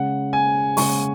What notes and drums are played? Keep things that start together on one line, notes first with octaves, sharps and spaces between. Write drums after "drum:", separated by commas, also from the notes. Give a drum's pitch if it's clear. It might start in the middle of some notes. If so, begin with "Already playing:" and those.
Already playing: C#3 G#3 F#5
G#5
C#3 G#3 C#6, drum: open hi-hat